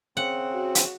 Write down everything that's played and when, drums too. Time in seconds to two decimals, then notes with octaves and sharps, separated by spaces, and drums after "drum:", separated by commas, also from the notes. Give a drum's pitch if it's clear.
0.17 C#3 C4 F#5
0.52 F#4
0.75 drum: hi-hat